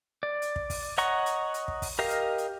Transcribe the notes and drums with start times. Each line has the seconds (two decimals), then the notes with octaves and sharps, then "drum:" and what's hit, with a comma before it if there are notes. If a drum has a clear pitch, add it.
0.23 D5
0.42 drum: hi-hat
0.56 drum: kick
0.70 drum: kick, open hi-hat
0.98 C#5 D#5 F#5 A#5 C#6, drum: hi-hat
1.26 drum: hi-hat
1.54 drum: hi-hat
1.68 drum: kick
1.82 drum: kick, open hi-hat
1.99 G4 A#4 D#5 F5
2.10 drum: hi-hat
2.38 drum: hi-hat